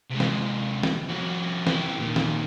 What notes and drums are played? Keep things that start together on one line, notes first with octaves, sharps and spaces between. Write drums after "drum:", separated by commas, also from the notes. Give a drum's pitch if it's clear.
C3 G#3
drum: snare
drum: snare
F2 F#4
E4 G4, drum: snare
A#2 D#3
drum: snare